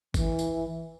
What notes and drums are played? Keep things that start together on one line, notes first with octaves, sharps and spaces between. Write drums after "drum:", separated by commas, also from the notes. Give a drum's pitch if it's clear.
E3, drum: kick G1, tambourine
drum: tambourine